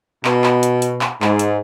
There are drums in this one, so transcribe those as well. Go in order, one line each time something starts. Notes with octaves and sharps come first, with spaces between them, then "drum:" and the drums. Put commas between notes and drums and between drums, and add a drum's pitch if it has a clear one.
B2, drum: clap
drum: clap
drum: hi-hat
drum: hi-hat
drum: clap
G#2, drum: clap
drum: hi-hat